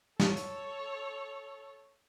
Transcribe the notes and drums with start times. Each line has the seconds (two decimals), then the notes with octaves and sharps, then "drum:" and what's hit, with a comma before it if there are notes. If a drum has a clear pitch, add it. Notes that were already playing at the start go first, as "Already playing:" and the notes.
0.20 A4 C#5, drum: snare
0.37 drum: hi-hat